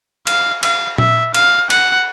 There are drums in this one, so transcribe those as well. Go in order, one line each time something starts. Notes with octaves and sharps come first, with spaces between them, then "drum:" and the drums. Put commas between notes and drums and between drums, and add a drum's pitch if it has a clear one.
F5, drum: cymbal
F5, drum: cymbal
E5, drum: tom A#2
F5, drum: cymbal
F#5, drum: cymbal